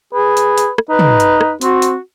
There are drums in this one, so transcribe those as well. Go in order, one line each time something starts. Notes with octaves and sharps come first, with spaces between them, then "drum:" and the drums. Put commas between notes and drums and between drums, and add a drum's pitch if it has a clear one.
G#4 B4
drum: hi-hat
drum: hi-hat
drum: rim click
D#4 B4
drum: tom
drum: hi-hat
drum: rim click
C4 F#4, drum: hi-hat
drum: hi-hat